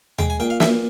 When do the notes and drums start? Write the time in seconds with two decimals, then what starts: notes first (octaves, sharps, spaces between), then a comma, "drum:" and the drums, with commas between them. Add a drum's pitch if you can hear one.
0.18 G#3 G5, drum: tom D#2
0.30 G#5
0.40 A#2 G5
0.50 F5
0.60 A#2 E5, drum: snare